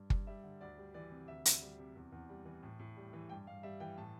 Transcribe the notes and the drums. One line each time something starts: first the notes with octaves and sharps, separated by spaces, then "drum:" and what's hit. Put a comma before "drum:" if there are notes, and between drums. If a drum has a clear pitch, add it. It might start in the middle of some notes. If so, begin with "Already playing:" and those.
Already playing: G2
G2, drum: kick
G3 E5
D3
D2 D5
G3
E3 D5
C3
D2 E5
D2, drum: hi-hat
G3
C3
E2
E2
G3
E3
A2
A2
G3
E3
G2 G5
G2 F5
G3 E5
E3 G5
A2 A5